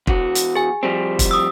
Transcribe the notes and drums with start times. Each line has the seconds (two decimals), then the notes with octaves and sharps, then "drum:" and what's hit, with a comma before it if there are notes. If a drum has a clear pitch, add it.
0.07 E2 F#4, drum: kick
0.35 drum: hi-hat
0.56 G#4 G#5
0.83 F3 G3 C4
1.19 drum: kick, hi-hat
1.31 D#6 E6